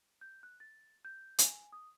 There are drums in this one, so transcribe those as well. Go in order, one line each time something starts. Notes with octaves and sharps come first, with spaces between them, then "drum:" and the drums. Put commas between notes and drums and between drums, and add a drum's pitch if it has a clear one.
G6
F#6
A6
G6
G#5, drum: hi-hat
D#6